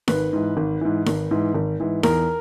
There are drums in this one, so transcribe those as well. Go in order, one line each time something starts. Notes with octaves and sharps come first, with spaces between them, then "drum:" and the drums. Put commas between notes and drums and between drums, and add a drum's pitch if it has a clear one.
G#1 B4, drum: snare D#4
G#2 E3
G#1
G#2 E3
G#1, drum: snare D#4
G#2 E3
G#1
G#2 E3
E2 A#4, drum: snare D#4